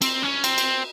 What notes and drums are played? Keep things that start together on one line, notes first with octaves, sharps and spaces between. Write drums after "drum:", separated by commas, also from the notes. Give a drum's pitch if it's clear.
C4, drum: cymbal
C#4
C4, drum: cymbal
drum: cymbal